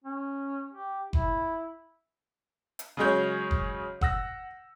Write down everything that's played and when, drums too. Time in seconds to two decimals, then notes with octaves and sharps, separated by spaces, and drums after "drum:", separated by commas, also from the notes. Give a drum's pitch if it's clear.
0.04 C#4
0.73 G4
1.13 E4, drum: kick F#1
2.79 drum: hi-hat
2.97 C#3 F#3 G#3 G#4 C#5 G6
3.51 drum: kick F#1
4.01 F#5 E6 A#6, drum: kick F#1